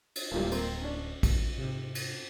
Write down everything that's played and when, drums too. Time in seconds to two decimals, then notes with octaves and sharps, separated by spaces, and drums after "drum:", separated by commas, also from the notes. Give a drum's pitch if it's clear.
0.16 drum: cymbal
0.32 D1 G2 A#2 G3 G#3
0.51 A#3 C4, drum: cymbal
0.82 C#4 D4
1.23 drum: kick, cymbal
1.58 G#2 C3
1.95 drum: cymbal